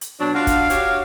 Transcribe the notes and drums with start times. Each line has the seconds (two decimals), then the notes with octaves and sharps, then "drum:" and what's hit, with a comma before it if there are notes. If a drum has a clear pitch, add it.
0.01 drum: hi-hat
0.19 B2 F#3 D4
0.35 D4 F4 F#4 F5
0.47 drum: kick, hi-hat
0.70 F#4 G4 C#5, drum: hi-hat